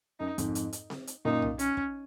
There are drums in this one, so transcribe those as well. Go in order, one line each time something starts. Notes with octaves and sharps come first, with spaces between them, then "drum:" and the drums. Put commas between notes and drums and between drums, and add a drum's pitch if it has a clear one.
F#2 D#4
F2 G#2, drum: kick, hi-hat
drum: hi-hat
drum: hi-hat
drum: snare C4
drum: hi-hat
F#2 A#2 D#4
drum: tom
C#4, drum: hi-hat
drum: kick